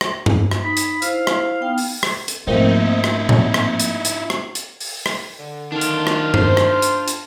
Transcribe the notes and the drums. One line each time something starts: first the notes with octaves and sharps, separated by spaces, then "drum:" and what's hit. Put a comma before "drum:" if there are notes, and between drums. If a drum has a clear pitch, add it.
drum: rim click
drum: tom G2
drum: rim click
D#4 B5
drum: hi-hat
E4 C5 F5, drum: hi-hat
drum: rim click
B3 D#4 G5
drum: open hi-hat
drum: rim click
drum: hi-hat
G#2 F3 A3 A#3 C4 D#4 E4
drum: rim click
drum: tom A2
drum: rim click
drum: hi-hat
drum: hi-hat
drum: rim click
drum: hi-hat
drum: open hi-hat
drum: rim click
D3
D#3 D4 F4
drum: hi-hat
drum: rim click
C5, drum: tom G2
drum: rim click
drum: hi-hat
drum: hi-hat